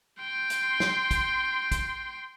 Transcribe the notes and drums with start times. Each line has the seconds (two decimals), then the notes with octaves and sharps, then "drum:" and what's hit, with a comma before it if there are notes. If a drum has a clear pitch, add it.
0.20 G5 C6
0.50 drum: hi-hat
0.80 drum: snare
1.11 drum: kick, hi-hat
1.72 drum: kick, hi-hat